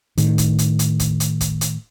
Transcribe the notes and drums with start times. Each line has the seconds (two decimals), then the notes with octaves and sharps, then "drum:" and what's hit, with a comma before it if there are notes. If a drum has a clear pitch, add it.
0.18 A2 D#3, drum: hi-hat
0.38 drum: kick, hi-hat
0.59 drum: hi-hat
0.79 drum: hi-hat
1.00 drum: kick, hi-hat
1.20 drum: hi-hat
1.41 drum: kick, hi-hat
1.61 drum: hi-hat